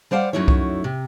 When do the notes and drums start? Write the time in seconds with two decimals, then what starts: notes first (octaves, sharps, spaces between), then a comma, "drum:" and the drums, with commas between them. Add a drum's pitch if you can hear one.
0.11 G3 C5 D5 F5 F#5
0.33 F#2 F#3 A3 D#4 E4 C#5
0.48 drum: kick C2
0.84 C3